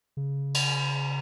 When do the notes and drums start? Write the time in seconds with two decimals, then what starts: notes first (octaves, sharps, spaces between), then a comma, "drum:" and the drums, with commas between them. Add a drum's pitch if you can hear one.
0.17 C#3
0.54 drum: cymbal